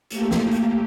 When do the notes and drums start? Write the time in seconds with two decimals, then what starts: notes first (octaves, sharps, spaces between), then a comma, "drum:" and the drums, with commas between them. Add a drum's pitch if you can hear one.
0.10 A3 A#3 G4, drum: hi-hat
0.31 drum: snare
0.51 drum: hi-hat